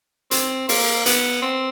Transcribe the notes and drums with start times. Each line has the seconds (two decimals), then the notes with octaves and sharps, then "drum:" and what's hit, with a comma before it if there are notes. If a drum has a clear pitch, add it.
0.31 C4, drum: hi-hat
0.69 A#3, drum: open hi-hat
1.06 B3, drum: hi-hat
1.42 C4